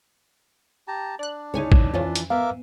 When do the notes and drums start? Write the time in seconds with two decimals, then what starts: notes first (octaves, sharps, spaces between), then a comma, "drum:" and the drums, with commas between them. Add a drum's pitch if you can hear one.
0.88 G4 A5 A#5
1.19 D4 D5 F#6
1.54 D2 C#3 D#4 E4 C#5 G#5
1.72 drum: kick
1.94 F2 E3 F3 C#4 F4
2.16 drum: hi-hat
2.30 B3 A#4 E5 F5 D6